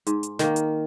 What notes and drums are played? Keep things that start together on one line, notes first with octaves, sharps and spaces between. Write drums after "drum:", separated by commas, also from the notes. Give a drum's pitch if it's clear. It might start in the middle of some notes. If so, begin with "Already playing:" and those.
G#2, drum: hi-hat
drum: hi-hat
D#3 A#3, drum: snare
drum: hi-hat